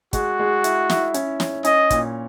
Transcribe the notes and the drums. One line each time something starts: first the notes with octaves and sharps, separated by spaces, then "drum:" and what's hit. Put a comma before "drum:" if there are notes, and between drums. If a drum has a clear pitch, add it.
G#3 F#4, drum: kick, hi-hat
G#3
E4, drum: hi-hat
E4, drum: snare
C#4, drum: hi-hat
C#4, drum: snare
C#4 D#5, drum: hi-hat
A#2, drum: kick, hi-hat